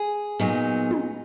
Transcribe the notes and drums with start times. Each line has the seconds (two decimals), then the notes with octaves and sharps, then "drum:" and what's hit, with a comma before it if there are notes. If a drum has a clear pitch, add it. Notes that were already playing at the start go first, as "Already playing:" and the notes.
Already playing: G#4
0.40 A#2 F#3 B3 D#4, drum: open hi-hat
0.91 drum: tom